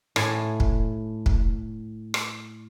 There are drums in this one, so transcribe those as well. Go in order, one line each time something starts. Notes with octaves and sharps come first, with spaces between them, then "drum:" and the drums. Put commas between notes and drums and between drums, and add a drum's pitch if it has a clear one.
A2 G#5, drum: rim click
drum: kick
drum: kick
drum: rim click